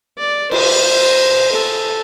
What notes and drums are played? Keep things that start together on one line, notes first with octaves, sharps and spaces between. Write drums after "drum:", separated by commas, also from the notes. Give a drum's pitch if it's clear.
D5
C5, drum: cymbal
A4